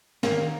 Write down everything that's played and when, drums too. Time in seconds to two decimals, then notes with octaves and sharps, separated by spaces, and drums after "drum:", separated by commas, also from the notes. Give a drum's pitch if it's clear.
0.23 D#3 A#3, drum: snare